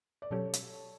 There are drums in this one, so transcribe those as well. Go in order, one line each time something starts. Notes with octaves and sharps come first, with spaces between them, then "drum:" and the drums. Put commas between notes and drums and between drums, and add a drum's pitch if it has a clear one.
D5
B2 F#3 C#4 G4 A4 C#5
drum: hi-hat